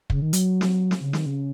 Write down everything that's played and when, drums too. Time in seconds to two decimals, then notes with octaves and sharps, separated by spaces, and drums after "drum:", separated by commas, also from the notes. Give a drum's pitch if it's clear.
0.10 C#3, drum: kick
0.22 D#3
0.33 F#3, drum: hi-hat
0.61 drum: snare
0.91 drum: snare
1.01 C#3
1.13 D#3, drum: snare
1.26 C#3